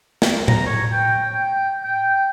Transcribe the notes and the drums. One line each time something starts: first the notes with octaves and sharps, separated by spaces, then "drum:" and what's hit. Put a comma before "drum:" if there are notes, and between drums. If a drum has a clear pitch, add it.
drum: snare
A#5, drum: tom A2
C#5
G5
G5
G5